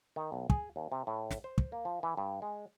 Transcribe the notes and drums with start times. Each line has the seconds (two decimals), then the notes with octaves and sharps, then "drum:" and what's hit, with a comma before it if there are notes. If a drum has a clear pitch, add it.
0.16 D#3
0.32 B1
0.50 G#4, drum: kick
0.76 D#2
0.92 C3
1.07 A2
1.31 drum: snare
1.44 C5
1.58 drum: kick
1.72 A#3
1.85 F3
2.03 E3
2.17 G2
2.42 G#3